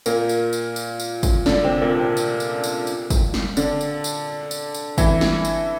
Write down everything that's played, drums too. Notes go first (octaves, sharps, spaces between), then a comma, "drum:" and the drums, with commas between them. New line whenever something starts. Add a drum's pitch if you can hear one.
A#2 A#3, drum: tambourine
drum: tambourine
drum: tambourine
drum: tambourine
drum: tambourine
drum: kick, tambourine
D3 D4, drum: snare
C3 C4
A#2 A#3
C3 C4
drum: tambourine
drum: tambourine
drum: tambourine
drum: tambourine
drum: kick, tambourine
drum: snare
D3 D4, drum: tambourine
drum: tambourine
drum: tambourine
drum: tambourine
drum: tambourine
E3 E4, drum: kick, tambourine
drum: snare
drum: tambourine